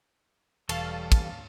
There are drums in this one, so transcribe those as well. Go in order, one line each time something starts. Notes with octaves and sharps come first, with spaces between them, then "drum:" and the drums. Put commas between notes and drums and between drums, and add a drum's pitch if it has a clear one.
E1 E3 G3 A4 F5 A5 C#6, drum: cymbal
drum: kick, cymbal